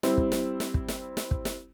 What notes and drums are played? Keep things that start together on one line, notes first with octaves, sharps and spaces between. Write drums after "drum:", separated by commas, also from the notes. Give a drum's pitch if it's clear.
G3 C4 E4, drum: snare
drum: kick
drum: snare
drum: snare
drum: kick
drum: snare
drum: snare
drum: kick
drum: snare